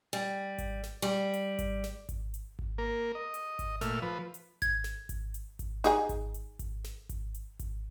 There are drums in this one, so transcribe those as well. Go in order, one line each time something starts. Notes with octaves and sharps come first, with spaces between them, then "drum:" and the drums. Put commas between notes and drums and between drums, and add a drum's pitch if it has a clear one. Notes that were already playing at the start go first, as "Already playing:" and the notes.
G3
drum: kick G#1, hi-hat
drum: snare
G3
drum: hi-hat
drum: kick G#1, hi-hat
drum: snare
drum: kick G#1, hi-hat
drum: hi-hat
drum: kick G#1
A#3 A#4
D#5
drum: hi-hat
drum: kick G#1, hi-hat
A#2 A3 E5 F6, drum: snare
F3 B4
drum: hi-hat
G#6, drum: kick G#1, hi-hat
drum: snare
drum: kick G#1, hi-hat
drum: hi-hat
drum: kick G#1, hi-hat
D#4 G#4 G#5, drum: snare
drum: kick G#1, hi-hat
drum: hi-hat
drum: kick G#1, hi-hat
drum: snare
drum: kick G#1, hi-hat
drum: hi-hat
drum: kick G#1, hi-hat